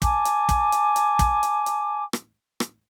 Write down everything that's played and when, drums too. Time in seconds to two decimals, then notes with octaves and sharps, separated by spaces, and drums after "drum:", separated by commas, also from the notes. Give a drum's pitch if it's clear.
0.02 G#5 A5 D6, drum: kick, hi-hat
0.25 drum: hi-hat
0.49 drum: kick, hi-hat
0.72 drum: hi-hat
0.96 drum: hi-hat
1.19 drum: kick, hi-hat
1.43 drum: hi-hat
1.66 drum: hi-hat
2.13 drum: rim click
2.60 drum: rim click